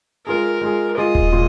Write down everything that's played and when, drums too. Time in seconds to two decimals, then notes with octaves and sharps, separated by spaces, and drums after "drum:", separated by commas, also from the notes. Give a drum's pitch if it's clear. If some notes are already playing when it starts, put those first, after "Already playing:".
0.26 G#3 F4 G#4 A#4
0.61 G#3 F4 G#4
0.97 G#3 F4 G#4 D#5
1.15 drum: kick D#1
1.32 A#2 G#3 F4